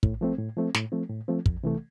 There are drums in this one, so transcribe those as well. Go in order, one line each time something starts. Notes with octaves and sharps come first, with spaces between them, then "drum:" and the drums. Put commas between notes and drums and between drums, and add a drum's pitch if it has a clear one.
A2, drum: kick
F3 A3 C4
A2
F3 A3 C4
A2, drum: snare
F3 A3 C4
A2
F3 A3 C4
F2, drum: kick
C3 E3 A3